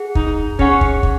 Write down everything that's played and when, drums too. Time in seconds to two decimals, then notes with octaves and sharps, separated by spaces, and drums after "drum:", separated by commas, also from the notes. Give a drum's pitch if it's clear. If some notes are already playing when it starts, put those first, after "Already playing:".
Already playing: G#4 F#5
0.15 D#4, drum: kick
0.59 C#4 G#4 F#5, drum: kick
0.81 drum: kick
1.03 drum: kick